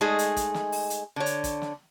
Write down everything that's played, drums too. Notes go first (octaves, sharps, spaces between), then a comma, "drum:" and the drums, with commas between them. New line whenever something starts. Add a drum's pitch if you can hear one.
G#3 A3 D#4 G#4 D#5
drum: hi-hat
drum: kick, hi-hat
drum: snare
drum: open hi-hat
drum: hi-hat
D3 C#5
drum: hi-hat
drum: kick, hi-hat
drum: snare